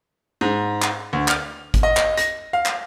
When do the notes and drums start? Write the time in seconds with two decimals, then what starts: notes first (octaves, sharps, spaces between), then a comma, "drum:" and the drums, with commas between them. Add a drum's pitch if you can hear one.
0.41 G#2
0.82 drum: clap
1.13 D2
1.28 F6, drum: clap
1.74 drum: kick, hi-hat
1.83 D#5
1.97 drum: clap
2.17 A#6, drum: hi-hat
2.53 F5
2.66 drum: clap